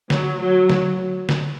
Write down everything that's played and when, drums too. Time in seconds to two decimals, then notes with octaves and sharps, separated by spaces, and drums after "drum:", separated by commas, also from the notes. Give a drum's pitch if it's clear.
0.10 F#3, drum: snare
0.40 F#3
0.70 drum: snare
1.29 drum: snare